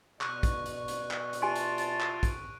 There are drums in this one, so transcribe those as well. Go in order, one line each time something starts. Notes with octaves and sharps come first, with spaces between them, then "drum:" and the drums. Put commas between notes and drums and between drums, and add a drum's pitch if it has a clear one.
B2 D5 C#6 F#6, drum: clap
drum: kick, hi-hat
drum: hi-hat
drum: hi-hat
drum: clap
drum: hi-hat
E4 F4 G4 G#5 A5 C6 D7 D#7
drum: hi-hat
drum: hi-hat
drum: clap
drum: kick, hi-hat